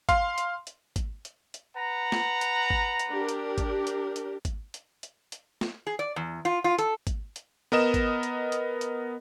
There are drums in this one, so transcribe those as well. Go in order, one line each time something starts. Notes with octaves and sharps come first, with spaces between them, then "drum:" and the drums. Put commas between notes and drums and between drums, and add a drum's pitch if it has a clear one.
F5 C6, drum: kick G#1, hi-hat
drum: hi-hat
drum: hi-hat
drum: kick G#1, hi-hat
drum: hi-hat
drum: hi-hat
B4 F#5 A#5
drum: snare
drum: hi-hat
drum: kick G#1
drum: hi-hat
D4 G4 A#4
drum: hi-hat
drum: kick G#1, hi-hat
drum: hi-hat
drum: hi-hat
drum: kick G#1, hi-hat
drum: hi-hat
drum: hi-hat
drum: hi-hat
drum: snare
G#4
D5
E2
F4
F4
A4, drum: hi-hat
drum: kick G#1, hi-hat
drum: hi-hat
B3 A#4 D#5 E7
drum: kick G#1, hi-hat
drum: hi-hat
drum: hi-hat
drum: hi-hat